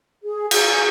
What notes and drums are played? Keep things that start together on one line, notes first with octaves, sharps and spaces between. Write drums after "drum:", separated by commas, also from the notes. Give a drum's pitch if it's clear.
G#4
G#4, drum: cymbal